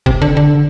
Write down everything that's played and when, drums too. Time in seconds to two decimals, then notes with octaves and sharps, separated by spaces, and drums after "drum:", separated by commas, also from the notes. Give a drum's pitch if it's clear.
0.06 C3, drum: kick F1
0.22 D3
0.37 D3